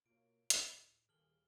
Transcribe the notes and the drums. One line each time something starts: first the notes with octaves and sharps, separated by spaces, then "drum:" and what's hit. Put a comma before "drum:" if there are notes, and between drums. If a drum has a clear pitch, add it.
B2 A#3 F4 C#5 D7
C#2 A2, drum: hi-hat
D#1 D#3 G#4 A4 F6 F#7 G7